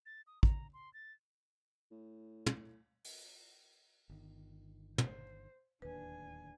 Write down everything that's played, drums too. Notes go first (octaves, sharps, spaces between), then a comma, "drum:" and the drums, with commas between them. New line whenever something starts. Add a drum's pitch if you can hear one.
A6
D#6
A#5, drum: kick
C6
A6
A2
drum: tom
drum: open hi-hat
G1 D#3
C5, drum: tom
D1 D#2 D4 B4 G#5